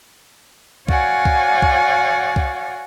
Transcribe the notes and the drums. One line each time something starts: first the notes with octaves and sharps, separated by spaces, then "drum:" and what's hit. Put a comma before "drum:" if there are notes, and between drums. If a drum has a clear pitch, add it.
F#4 C#5 D5 F5 F#5 G#5, drum: kick C2
drum: kick C2
drum: kick C2
drum: kick C2